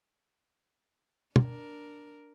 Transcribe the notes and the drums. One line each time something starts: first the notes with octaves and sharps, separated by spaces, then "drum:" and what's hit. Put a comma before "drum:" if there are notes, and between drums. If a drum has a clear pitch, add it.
D4 A#4, drum: tom